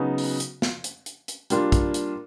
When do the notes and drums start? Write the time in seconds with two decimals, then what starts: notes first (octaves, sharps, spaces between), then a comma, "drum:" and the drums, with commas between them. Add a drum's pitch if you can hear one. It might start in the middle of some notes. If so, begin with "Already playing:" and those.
Already playing: C#3 F#3 B3 D#4 F#4
0.18 drum: open hi-hat
0.40 drum: hi-hat
0.62 drum: snare
0.84 drum: hi-hat
1.06 drum: hi-hat
1.28 drum: hi-hat
1.50 G3 A#3 D4 F4, drum: hi-hat
1.72 drum: kick, hi-hat
1.94 drum: hi-hat